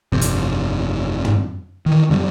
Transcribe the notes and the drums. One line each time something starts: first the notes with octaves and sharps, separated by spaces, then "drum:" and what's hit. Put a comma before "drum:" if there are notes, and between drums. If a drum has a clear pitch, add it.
G1 F2 C3
drum: hi-hat
drum: tom
D#3 E3
F#2 D3 G3